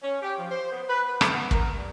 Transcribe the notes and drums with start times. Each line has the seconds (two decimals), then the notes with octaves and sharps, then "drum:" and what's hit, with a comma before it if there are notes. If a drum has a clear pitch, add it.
0.02 C#4
0.22 G4
0.38 F3
0.51 C5
0.71 B3
0.89 B4
1.08 B4
1.21 A3, drum: rim click
1.32 B3
1.51 A#4, drum: kick
1.74 G2